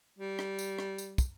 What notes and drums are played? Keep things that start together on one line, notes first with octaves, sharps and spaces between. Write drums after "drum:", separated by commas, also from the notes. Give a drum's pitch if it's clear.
G3
drum: rim click
drum: tambourine
drum: rim click
drum: tambourine
drum: kick, tambourine